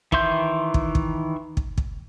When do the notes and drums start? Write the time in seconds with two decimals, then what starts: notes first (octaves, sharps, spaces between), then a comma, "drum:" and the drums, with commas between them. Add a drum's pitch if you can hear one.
0.12 D#3 E3 E5 C6 G6, drum: kick
0.74 drum: kick
0.95 drum: kick
1.57 drum: kick
1.78 drum: kick